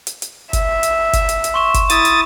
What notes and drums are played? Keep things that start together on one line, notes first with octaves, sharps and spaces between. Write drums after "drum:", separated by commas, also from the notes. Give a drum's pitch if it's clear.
drum: hi-hat
drum: hi-hat
E5, drum: kick F#1, hi-hat
drum: hi-hat
drum: kick F#1, hi-hat
drum: hi-hat
drum: hi-hat
C6 C#6 E7
drum: kick F#1, hi-hat
E4 D#6 A6, drum: hi-hat
drum: hi-hat